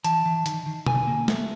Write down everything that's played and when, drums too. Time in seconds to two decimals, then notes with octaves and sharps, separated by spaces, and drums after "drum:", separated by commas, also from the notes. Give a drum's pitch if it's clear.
0.04 E3 A5, drum: hi-hat
0.26 E3
0.46 D#3, drum: hi-hat
0.66 D#3
0.86 D3 G#5, drum: tom
1.07 A#3
1.28 A3, drum: snare